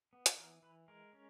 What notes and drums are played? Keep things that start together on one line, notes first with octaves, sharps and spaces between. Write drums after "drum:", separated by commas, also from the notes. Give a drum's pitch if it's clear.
B3
drum: hi-hat
E3 A#4
E3 B4
G#3 A#4
C#4